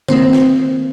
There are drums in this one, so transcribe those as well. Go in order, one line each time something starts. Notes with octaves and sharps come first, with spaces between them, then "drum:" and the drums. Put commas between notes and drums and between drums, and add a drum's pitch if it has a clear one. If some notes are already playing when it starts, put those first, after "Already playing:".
D#3 A#3 C4 C5, drum: tom C#3
drum: snare